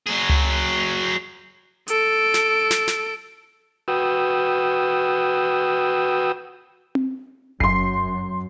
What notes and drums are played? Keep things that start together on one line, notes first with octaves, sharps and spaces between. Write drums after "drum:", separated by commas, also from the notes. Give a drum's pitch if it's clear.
F#3 G#4
drum: tom C#2
A4 D7, drum: hi-hat
drum: snare
drum: snare
drum: snare
F#4 B4 G5 D#6 E6
drum: tom C4
F#2 C6 C7, drum: kick F#1